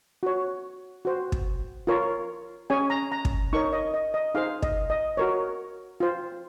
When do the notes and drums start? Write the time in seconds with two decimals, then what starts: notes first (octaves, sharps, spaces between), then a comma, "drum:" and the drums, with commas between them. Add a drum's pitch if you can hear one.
0.23 F#4 C#5
1.05 F#4 C5
1.32 drum: kick
1.87 F4 A#4 C#5
2.70 C#4 G#4 C#5 G#5
2.90 A#5
3.12 A#5
3.25 drum: kick
3.53 D#4 A#4 C#5 C#6
3.73 D#5
3.94 D#5
4.14 D#5
4.35 D#4 G#4 C5 F5
4.62 D#5, drum: kick
4.90 D#5
5.17 F#4 A#4 C#5
6.00 F4 C5